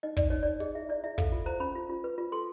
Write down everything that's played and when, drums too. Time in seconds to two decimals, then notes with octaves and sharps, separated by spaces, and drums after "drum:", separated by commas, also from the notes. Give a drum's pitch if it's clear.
0.03 D#4 D#5
0.17 D#4 D5, drum: kick
0.30 D#4 C#5
0.43 D#4 D5
0.60 G#4 D#5, drum: hi-hat
0.75 E4 E5
0.89 E4 D5
1.04 E4 E5
1.18 A4 F5, drum: kick
1.32 F4
1.46 C5 A#5
1.60 C#4 B5
1.75 F4
1.90 F4
2.04 B4
2.18 F4
2.32 A4 C6